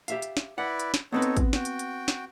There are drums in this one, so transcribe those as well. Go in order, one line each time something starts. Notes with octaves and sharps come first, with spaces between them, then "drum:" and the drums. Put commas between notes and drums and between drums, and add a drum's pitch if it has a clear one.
G4 E5 F5, drum: hi-hat
drum: hi-hat
drum: snare
E4 B4 D5 F#5
drum: hi-hat
drum: snare
B3 C4 D#4 A4 B4 C#5
drum: hi-hat
drum: kick, hi-hat
F#4 G5, drum: snare
drum: hi-hat
drum: hi-hat
drum: snare